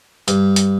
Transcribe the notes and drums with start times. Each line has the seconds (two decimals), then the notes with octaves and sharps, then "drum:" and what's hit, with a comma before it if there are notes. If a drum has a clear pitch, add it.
0.28 G2, drum: hi-hat
0.56 drum: hi-hat